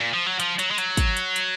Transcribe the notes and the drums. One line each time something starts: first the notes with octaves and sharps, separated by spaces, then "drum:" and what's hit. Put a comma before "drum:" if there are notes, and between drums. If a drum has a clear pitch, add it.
A#2
F3
F#3
F3, drum: hi-hat
F#3, drum: hi-hat
G#3
F#3, drum: hi-hat
drum: kick, hi-hat
drum: hi-hat
drum: hi-hat